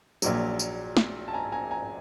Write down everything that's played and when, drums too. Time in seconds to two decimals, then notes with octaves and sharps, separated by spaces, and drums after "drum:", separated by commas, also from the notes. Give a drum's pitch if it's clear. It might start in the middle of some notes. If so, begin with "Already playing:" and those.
0.22 A#1 A#2 F#3, drum: tambourine
0.59 drum: tambourine
0.97 drum: snare
1.28 A5
1.33 G#5 A#5
1.52 G#5 A#5
1.71 G#5 A#5